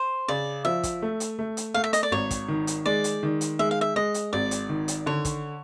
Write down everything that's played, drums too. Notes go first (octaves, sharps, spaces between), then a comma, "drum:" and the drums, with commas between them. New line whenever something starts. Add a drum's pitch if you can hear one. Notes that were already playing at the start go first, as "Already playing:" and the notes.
Already playing: C5
C#3 D5
F3 E5
drum: kick, hi-hat
A3
drum: hi-hat
A3
drum: hi-hat
A3 F5
E5
D#5, drum: hi-hat
D5
G#1 C#5
drum: kick, hi-hat
D#3
drum: hi-hat
G#3 D5
drum: hi-hat
D#3
drum: hi-hat
G#3 E5
F5
E5
G#3 D#5
drum: hi-hat
G#1 D5
drum: hi-hat
D#3
drum: hi-hat
D3 C#5
drum: kick, hi-hat